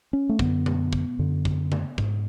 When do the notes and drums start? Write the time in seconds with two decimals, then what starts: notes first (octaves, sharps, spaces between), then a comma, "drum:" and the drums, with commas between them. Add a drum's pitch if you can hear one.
0.13 C#4
0.29 A3
0.39 F#2 D3 B3, drum: kick
0.66 drum: tom B2
0.93 drum: kick
1.19 F#2 D3
1.45 drum: kick
1.72 drum: tom C#3
1.98 G#2, drum: kick